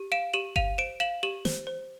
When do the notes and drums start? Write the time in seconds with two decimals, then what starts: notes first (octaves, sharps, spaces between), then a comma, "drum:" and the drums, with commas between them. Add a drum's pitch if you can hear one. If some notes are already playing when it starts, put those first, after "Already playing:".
Already playing: G4
0.12 F5 D7 E7
0.34 G4 E7 F#7
0.56 F5 D#7 F7, drum: kick G1
0.78 C5 D7 E7
1.00 F5 E7 F#7
1.23 G4 E7 F#7
1.45 C5, drum: snare
1.67 C5